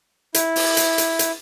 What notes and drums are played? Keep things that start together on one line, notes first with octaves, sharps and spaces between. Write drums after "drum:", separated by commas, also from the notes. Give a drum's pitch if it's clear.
E4, drum: hi-hat
drum: open hi-hat
drum: hi-hat
drum: hi-hat
drum: hi-hat